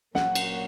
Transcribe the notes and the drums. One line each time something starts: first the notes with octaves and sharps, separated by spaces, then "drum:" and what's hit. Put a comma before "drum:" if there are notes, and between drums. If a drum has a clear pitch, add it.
A#2 F#3 A#3 C#4 F#4 F#5, drum: snare
drum: cymbal